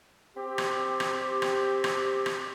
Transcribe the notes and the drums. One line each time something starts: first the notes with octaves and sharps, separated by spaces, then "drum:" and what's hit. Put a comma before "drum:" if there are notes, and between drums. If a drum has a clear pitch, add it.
C4 G4
drum: rim click
drum: rim click
drum: rim click
drum: rim click
drum: rim click